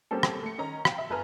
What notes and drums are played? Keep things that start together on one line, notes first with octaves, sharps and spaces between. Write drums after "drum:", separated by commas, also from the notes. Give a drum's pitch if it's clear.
G3 A#3 C4 C#4 A4
drum: rim click
A3 C#7
D#3 C#4 A#5
F5 G5, drum: rim click
E5
G1 A4 B4 G#5 A#5 F6